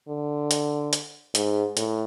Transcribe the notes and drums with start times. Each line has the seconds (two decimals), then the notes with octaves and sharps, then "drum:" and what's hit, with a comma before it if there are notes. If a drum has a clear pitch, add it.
0.08 D3
0.51 drum: hi-hat
0.93 drum: hi-hat
1.35 G#2, drum: hi-hat
1.77 A2, drum: hi-hat